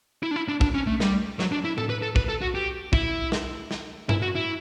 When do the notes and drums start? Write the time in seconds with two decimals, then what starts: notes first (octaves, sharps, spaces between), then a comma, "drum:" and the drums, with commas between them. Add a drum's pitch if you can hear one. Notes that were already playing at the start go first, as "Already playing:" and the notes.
0.23 E4
0.31 D4
0.36 E4
0.48 D4
0.61 D4, drum: kick
0.75 C#4
0.87 A3
1.00 G3, drum: snare
1.39 F#3, drum: snare
1.52 D4
1.65 E4
1.78 A4, drum: tom A2
1.90 B4
2.02 A4
2.16 B4, drum: kick
2.29 A4
2.42 F#4
2.55 G4
2.93 E4, drum: kick
3.32 drum: snare
3.71 drum: snare
4.09 E4, drum: tom G2
4.22 F#4
4.35 E4